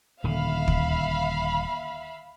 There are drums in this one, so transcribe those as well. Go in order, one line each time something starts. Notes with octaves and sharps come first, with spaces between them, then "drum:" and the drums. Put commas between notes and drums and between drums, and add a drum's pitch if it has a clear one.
D#1 D3 E5 F5 B5
drum: kick